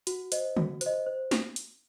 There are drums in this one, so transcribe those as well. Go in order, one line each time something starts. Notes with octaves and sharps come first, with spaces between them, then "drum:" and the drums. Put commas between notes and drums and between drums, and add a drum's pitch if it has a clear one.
F#4, drum: hi-hat
C5 D#5, drum: hi-hat
F#4, drum: tom C#3
C5, drum: hi-hat
D#5
C5
drum: snare
drum: hi-hat